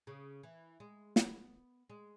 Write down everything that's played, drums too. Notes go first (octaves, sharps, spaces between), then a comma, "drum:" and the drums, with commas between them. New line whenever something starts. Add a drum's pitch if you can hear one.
C#3
E3
G#3
B3, drum: snare
G#3